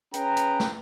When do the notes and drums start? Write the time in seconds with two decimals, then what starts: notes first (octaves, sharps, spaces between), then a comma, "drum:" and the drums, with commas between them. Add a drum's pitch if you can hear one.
0.14 C#4 G#4 B4 G5 A#5, drum: hi-hat
0.37 drum: hi-hat
0.60 drum: snare